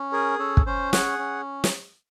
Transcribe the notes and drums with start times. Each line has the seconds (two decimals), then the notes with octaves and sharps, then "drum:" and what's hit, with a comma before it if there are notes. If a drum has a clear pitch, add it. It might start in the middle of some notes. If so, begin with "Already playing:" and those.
Already playing: C#4
0.12 G#4 A#4
0.39 C#4 A4
0.57 drum: kick
0.66 C#4 C5
0.93 G#4 F#5, drum: snare
1.19 C#4
1.64 drum: snare